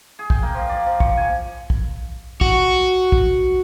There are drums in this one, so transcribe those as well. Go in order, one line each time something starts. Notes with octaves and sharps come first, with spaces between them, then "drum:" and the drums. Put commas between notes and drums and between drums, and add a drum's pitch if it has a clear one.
G#4
G5, drum: kick
A#3
F3
D5
F3
C#6, drum: kick
G#5
drum: kick
F#4, drum: kick
drum: kick